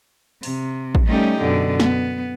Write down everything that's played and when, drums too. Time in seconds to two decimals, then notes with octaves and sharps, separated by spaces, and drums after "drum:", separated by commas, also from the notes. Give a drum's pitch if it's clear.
0.43 C3, drum: open hi-hat
0.95 drum: kick A1
1.07 G3 A3 C#4 D#4 G4
1.42 F#2 B2 D3
1.80 B3, drum: snare